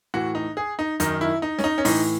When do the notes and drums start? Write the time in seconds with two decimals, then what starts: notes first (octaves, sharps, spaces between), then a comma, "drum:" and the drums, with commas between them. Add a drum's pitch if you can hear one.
0.14 A2 E3 F#4
0.35 D#4
0.57 G#4
0.79 D#4
1.00 F#2 D#3 D#4, drum: hi-hat
1.21 E4
1.42 D#4
1.59 C#4, drum: snare
1.64 D#4
1.78 C#4
1.85 A2 E3 D#4, drum: open hi-hat